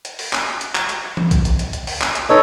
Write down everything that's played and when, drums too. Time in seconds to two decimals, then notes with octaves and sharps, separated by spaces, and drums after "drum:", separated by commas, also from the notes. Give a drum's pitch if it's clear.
0.05 drum: hi-hat
0.19 drum: open hi-hat
0.33 drum: clap
0.61 drum: hi-hat
0.75 drum: clap
0.89 drum: hi-hat
1.17 drum: tom E3
1.31 drum: kick A#1, hi-hat
1.45 drum: hi-hat
1.59 drum: hi-hat
1.73 drum: hi-hat
1.87 drum: open hi-hat
2.01 drum: clap
2.15 drum: hi-hat
2.29 D#4 A4 B4 C#5 D#5